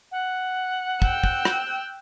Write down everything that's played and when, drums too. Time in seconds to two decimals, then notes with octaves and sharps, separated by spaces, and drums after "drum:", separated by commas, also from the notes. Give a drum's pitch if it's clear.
0.12 F#5
1.02 G5 E6 F#6, drum: kick
1.24 drum: kick
1.45 drum: rim click